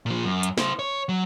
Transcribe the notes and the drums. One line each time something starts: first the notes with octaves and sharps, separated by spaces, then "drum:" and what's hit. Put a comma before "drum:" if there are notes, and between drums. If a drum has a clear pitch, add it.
A#2 F3
F#2
drum: hi-hat
E4 C5, drum: snare
C#5
F#3